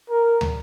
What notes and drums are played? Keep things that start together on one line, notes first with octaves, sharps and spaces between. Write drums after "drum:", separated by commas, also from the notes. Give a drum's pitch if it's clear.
A#4
drum: tom